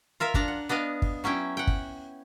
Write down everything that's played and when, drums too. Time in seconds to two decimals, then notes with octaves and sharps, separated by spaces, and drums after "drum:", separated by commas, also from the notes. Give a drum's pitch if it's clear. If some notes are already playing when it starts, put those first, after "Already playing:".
0.20 F4 A#4 E5 F5
0.34 F3 D4 A#5, drum: kick
0.48 F#5
0.69 B3 D4 D#5 F5
1.02 drum: kick
1.24 F#3 C#4 E4 G5
1.57 F#5 G5
1.67 drum: kick